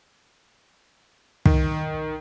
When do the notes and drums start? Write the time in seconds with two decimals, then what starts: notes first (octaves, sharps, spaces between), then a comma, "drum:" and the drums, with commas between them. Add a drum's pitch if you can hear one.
1.45 D#3, drum: kick